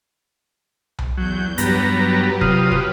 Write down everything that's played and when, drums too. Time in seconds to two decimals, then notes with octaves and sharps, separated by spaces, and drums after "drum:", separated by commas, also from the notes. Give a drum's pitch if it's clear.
0.99 drum: tom B1
1.17 E2 F#3 G6
1.58 G2 F#3 B3 G4 B4 A#5, drum: hi-hat
2.41 C3 F4 D#6, drum: kick
2.71 drum: kick